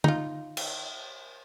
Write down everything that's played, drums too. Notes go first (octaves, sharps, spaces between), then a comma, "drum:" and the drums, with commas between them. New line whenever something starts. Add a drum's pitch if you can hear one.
D#4 F4, drum: tom D3
drum: cymbal